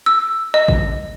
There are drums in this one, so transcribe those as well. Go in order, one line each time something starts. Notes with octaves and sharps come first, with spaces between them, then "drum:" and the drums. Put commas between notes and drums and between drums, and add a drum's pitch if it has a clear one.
E6
D#5
drum: kick G#1